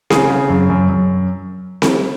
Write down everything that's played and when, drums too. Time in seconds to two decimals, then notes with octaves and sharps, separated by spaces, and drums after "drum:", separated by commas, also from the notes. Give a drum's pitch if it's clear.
0.10 C#3 G#4, drum: snare C4
0.30 C#3
0.49 F#2
0.70 F#2
0.89 F#2
1.82 drum: snare C4